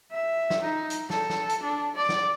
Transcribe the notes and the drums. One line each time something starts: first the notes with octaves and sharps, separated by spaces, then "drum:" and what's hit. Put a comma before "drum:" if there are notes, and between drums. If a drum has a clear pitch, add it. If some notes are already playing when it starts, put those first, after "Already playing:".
E5
drum: snare
D#4
drum: hi-hat
A4, drum: snare
drum: snare
drum: hi-hat
D4
D5
drum: snare